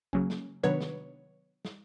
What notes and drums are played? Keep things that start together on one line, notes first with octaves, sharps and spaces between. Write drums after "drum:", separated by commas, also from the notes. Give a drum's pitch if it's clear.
C#3 F#3 A#3 C#4, drum: kick
drum: snare
C3 D#3 F#3 B3 D4 B4 C#5
drum: snare
drum: snare